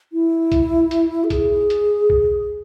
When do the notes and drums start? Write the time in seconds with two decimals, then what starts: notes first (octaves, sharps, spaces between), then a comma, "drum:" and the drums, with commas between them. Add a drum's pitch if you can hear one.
0.13 E4
0.52 drum: kick B1, hi-hat
0.91 drum: hi-hat
1.24 A4
1.30 G#4, drum: kick B1, hi-hat
1.70 drum: hi-hat
2.10 drum: kick B1